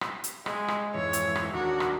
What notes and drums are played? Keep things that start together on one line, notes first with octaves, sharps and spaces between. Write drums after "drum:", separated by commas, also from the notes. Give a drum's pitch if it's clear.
drum: rim click
drum: hi-hat
G#3, drum: rim click
drum: rim click
F2 G#2 E3 C#5
drum: hi-hat
drum: rim click
D#2 D4 F#4 A#4
drum: rim click